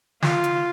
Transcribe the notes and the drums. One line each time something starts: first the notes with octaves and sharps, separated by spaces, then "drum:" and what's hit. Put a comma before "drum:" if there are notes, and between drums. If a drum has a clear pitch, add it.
F4, drum: snare
drum: hi-hat